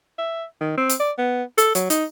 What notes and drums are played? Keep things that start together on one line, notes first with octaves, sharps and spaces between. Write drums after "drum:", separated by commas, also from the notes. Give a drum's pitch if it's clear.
E5
D#3
C4
drum: hi-hat
D5
B3
A4, drum: hi-hat
F#3, drum: hi-hat
D#4, drum: hi-hat